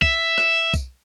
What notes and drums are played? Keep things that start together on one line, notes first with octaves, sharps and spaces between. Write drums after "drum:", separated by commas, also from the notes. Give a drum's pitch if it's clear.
E5, drum: kick
drum: rim click
drum: kick, tambourine